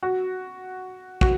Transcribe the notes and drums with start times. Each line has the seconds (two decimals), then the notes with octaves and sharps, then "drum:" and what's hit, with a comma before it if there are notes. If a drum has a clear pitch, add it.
0.03 F#4
1.21 F#4, drum: kick